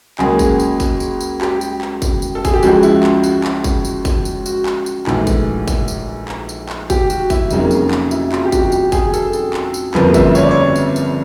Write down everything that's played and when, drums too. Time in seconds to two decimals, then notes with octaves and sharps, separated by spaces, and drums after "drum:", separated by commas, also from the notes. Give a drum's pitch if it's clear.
0.19 C#2 C#3 F#3 A#3 G#4, drum: clap
0.39 drum: kick F#1, tambourine
0.60 drum: tambourine
0.80 drum: kick F#1, tambourine
1.00 drum: tambourine
1.21 drum: tambourine
1.41 G4, drum: clap
1.61 drum: tambourine
1.81 drum: clap
2.02 drum: kick F#1, tambourine
2.22 drum: tambourine
2.35 A4
2.45 G#4, drum: kick F#1, tambourine
2.53 G4
2.63 C#2 C#3 F3 G#3 F#4, drum: tambourine
2.83 E4, drum: tambourine
3.03 drum: clap
3.24 F#4, drum: tambourine
3.44 drum: clap
3.64 drum: kick F#1, tambourine
3.85 drum: tambourine
4.05 drum: kick F#1, tambourine
4.25 drum: tambourine
4.46 F#4, drum: tambourine
4.66 drum: clap
4.86 drum: tambourine
5.07 A#1 G#2 E3 A3, drum: clap
5.27 drum: kick F#1, tambourine
5.68 drum: kick F#1, tambourine
5.88 drum: tambourine
6.29 drum: clap
6.49 drum: tambourine
6.69 drum: clap
6.90 G4, drum: kick F#1, tambourine
7.10 F#4, drum: tambourine
7.30 E4, drum: kick F#1, tambourine
7.50 F1 F2 C#3 F#3 A#3 D#4, drum: tambourine
7.71 drum: tambourine
7.91 drum: clap
8.11 E4, drum: tambourine
8.32 F4, drum: clap
8.45 G4
8.52 F#4, drum: kick F#1, tambourine
8.72 G4, drum: tambourine
8.92 G#4, drum: kick F#1, tambourine
9.14 A4, drum: tambourine
9.33 drum: tambourine
9.54 drum: clap
9.74 drum: tambourine
9.94 G1 F2 C#3 F3 A#3 B4, drum: clap
10.14 E5, drum: kick F#1, tambourine
10.35 C#5, drum: tambourine
10.43 D5
10.51 C#5
10.76 drum: tambourine
10.96 drum: tambourine